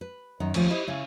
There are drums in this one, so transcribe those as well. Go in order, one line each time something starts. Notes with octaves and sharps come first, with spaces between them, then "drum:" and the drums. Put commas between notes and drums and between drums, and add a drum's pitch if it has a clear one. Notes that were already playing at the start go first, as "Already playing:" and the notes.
B4
F#2 D#3 D#4
D#2 G#2 F3 A3 C#4, drum: cymbal
E4 G4 C5 D#5
C#3 C#4 E4